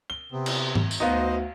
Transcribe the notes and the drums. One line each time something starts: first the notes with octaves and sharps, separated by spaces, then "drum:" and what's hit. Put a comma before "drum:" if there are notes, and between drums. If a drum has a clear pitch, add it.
G7
C3 B3 C4
drum: cymbal
drum: tom G#2
drum: tambourine
D2 B3 D#4 F#4 C5 D#5 F5